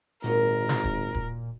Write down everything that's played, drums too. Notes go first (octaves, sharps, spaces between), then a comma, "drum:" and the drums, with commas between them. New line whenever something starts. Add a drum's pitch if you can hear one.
G#1 A#2 D#3 F#3 A#4 D#5
drum: snare
drum: kick
drum: kick